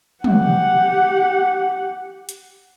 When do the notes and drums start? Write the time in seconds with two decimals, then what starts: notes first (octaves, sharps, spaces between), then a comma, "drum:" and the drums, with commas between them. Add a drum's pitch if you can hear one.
0.24 G4 F#5, drum: tom
2.29 drum: hi-hat